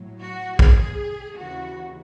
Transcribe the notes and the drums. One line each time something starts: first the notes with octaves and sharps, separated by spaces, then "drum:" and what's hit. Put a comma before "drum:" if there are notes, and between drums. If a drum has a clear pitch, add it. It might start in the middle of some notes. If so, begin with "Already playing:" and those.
Already playing: A2 F#3
F#4
G#4, drum: kick
D#2 C#3 E3 F#4